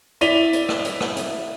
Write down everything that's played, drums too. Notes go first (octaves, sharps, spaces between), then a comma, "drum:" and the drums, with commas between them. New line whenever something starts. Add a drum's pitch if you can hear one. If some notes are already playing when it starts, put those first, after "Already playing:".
E4 D5 B6 D#7 F7 G7, drum: hi-hat
drum: hi-hat
drum: rim click
drum: hi-hat
drum: rim click
drum: hi-hat